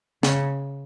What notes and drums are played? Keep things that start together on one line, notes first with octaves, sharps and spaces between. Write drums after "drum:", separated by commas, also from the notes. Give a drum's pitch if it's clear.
C#3, drum: snare